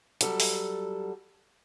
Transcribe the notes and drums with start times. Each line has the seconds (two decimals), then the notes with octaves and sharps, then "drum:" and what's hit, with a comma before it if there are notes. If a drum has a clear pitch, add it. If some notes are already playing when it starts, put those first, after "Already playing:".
0.21 F#3 G3 A4, drum: hi-hat
0.40 drum: open hi-hat